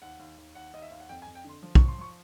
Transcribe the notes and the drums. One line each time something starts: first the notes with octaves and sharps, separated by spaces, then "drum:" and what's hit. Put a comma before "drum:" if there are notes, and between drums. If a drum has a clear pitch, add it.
D#2 F#5
D#2
D#2
D#2 F#5
D#2 D#5
E5
D#2 F5
F#5
F2 G5
G#5
F2
G5
D3 C6
F3
F3 C#6, drum: kick
C6
F3 C#6